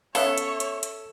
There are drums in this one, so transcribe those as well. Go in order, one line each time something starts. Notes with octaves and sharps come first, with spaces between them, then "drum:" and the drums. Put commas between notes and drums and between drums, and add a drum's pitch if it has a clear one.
B3 C#4 A4 C#5 E5 F5, drum: open hi-hat
drum: hi-hat
drum: hi-hat
drum: hi-hat